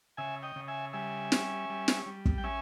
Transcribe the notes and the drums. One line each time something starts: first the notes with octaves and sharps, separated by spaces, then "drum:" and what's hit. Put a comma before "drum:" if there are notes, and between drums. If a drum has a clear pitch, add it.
C#3 E5 G#5
D#5 G5
C#3
E5 G#5
G3 E5 G#5
C#4, drum: snare
G3
drum: snare
G3
drum: kick
G5
C#4 E5 G#5